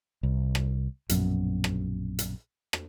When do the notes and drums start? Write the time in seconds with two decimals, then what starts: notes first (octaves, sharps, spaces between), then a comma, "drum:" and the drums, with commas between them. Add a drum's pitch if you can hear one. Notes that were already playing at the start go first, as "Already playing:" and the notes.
0.23 C2
0.55 drum: rim click
1.09 A#1 F#2 B2, drum: hi-hat
1.64 drum: rim click
2.19 drum: hi-hat
2.73 drum: rim click